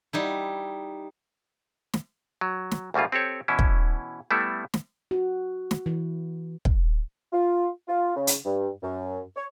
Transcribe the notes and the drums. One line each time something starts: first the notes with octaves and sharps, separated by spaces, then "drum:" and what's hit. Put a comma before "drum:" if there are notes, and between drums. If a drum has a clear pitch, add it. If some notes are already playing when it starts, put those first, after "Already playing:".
G3 D#4 E4
drum: snare
F#3
drum: snare
D2 C#3 G3 A#3 F4
C4 G4 A4 C#5
B2 E3 C#4 E4
drum: kick
G3 A3 B3 E4 A4
drum: snare
F#4
drum: snare
E3
drum: kick
F4
F4
C#3
drum: hi-hat
G2
F#2
C#5